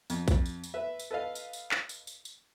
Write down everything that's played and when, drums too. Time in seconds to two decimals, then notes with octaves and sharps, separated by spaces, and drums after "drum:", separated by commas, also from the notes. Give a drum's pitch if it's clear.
0.10 F2, drum: tambourine
0.28 drum: kick A#1, tambourine
0.46 drum: tambourine
0.64 drum: tambourine
0.74 B4 E5
0.99 drum: tambourine
1.11 A4 B4 D#5 F5
1.35 drum: tambourine
1.53 drum: tambourine
1.71 drum: clap
1.89 drum: tambourine
2.07 drum: tambourine
2.25 drum: tambourine